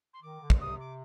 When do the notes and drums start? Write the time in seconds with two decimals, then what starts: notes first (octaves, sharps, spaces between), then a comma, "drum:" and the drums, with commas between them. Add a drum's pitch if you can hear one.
0.13 C6
0.21 D#3 D6
0.41 D3
0.50 drum: kick
0.60 C3 D#6
0.80 D6